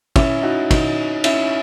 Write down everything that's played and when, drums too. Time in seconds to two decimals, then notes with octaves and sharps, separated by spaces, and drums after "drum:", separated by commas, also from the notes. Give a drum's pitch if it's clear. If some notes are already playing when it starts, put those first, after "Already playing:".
0.16 C#4 E4, drum: kick, cymbal
0.42 D#4 F#4
0.71 D#4, drum: kick, cymbal
1.24 C#4 E4, drum: cymbal